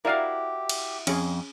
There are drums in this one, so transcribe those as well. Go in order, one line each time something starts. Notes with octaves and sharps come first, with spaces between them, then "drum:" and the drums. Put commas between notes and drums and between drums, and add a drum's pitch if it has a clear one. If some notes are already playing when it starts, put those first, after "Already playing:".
E4 F#4 G4 A#4 D5 F5
drum: cymbal
F2 C#4 G#4, drum: cymbal